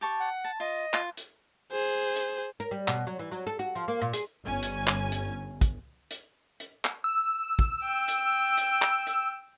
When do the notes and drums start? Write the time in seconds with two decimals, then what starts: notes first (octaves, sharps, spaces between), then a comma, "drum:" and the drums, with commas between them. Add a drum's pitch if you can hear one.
0.01 G4 A5 C#6
0.19 F#5
0.44 A5
0.60 F4 D#5
0.94 F4, drum: clap
1.17 drum: hi-hat
1.72 G#4 C5
2.16 drum: hi-hat
2.60 A#4
2.71 G3
2.88 B2, drum: clap
3.07 F#3
3.19 E3
3.31 F#3
3.47 A4
3.59 F#4
3.75 F3
3.88 A#3
4.02 A#2
4.13 G#4, drum: hi-hat
4.45 G1 C#4 G#5
4.63 drum: hi-hat
4.87 drum: clap
5.12 drum: hi-hat
5.61 drum: kick, hi-hat
6.11 drum: hi-hat
6.60 drum: hi-hat
6.85 drum: clap
7.04 E6
7.59 drum: kick
7.84 G5
8.08 drum: hi-hat
8.57 drum: hi-hat
8.82 drum: clap
9.07 drum: hi-hat